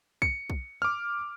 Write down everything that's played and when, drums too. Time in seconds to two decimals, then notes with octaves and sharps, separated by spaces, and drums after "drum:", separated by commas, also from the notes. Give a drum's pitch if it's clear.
0.22 C#7, drum: kick
0.50 drum: kick
0.82 D6 F6